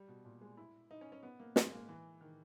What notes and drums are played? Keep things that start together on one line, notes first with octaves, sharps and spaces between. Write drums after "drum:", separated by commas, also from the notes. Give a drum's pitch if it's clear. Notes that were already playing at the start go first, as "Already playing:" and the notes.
Already playing: G3
B2
A#2
G#3
E4
D#4
C#4
C#4
B3
A#3
G#3, drum: snare
A#3
E3
D#3